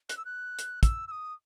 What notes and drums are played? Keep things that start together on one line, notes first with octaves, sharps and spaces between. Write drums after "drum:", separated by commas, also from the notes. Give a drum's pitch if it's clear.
F#6, drum: hi-hat
E6
F#6
drum: hi-hat
E6, drum: kick, hi-hat
E6
D#6